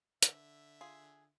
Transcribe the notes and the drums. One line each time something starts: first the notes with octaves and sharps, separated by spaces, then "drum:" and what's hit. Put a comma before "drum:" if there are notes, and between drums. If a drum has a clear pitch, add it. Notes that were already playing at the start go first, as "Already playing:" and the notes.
D3 E5, drum: hi-hat
F4 G#4